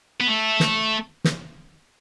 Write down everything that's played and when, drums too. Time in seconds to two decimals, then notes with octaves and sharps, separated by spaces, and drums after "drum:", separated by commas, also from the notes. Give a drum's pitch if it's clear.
0.21 B3
0.28 A3
0.60 drum: snare
1.24 drum: snare